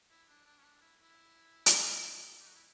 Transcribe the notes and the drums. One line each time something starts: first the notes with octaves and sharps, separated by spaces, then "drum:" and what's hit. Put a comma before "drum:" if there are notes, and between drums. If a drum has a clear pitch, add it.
E4
D4
D4
C#4
D4
E4
E4
drum: hi-hat
G4
F#4
E4